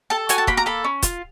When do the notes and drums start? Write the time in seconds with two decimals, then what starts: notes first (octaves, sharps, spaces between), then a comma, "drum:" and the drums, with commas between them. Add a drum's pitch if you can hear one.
0.10 A4 A5
0.29 F#4 G#5, drum: hi-hat
0.38 A5
0.47 A#3 B5, drum: kick
0.57 A#5
0.66 A4 B5
0.84 C#4
1.03 F4, drum: kick, hi-hat